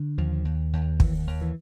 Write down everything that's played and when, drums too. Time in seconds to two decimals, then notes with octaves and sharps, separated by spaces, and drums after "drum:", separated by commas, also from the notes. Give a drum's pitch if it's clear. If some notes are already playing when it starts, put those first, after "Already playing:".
Already playing: D3
0.18 D#2 F3
0.45 D#2
0.73 D#2
1.00 D#2 E3, drum: kick
1.27 D#2
1.41 E3